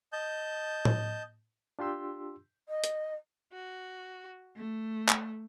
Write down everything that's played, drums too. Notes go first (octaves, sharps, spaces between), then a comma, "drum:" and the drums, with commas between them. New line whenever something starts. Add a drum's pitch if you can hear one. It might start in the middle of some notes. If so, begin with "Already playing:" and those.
D#5 A5 G6
drum: tom A2
D4 F4 G4 C6 E6
D#5
drum: hi-hat
F#4
A3
drum: clap